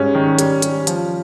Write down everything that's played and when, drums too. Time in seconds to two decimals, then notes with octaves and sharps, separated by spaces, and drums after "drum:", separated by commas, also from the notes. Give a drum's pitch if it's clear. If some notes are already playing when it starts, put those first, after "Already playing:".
Already playing: G#2 G3 C#4
0.15 D#3
0.39 G3, drum: hi-hat
0.62 G3, drum: hi-hat
0.87 F3, drum: hi-hat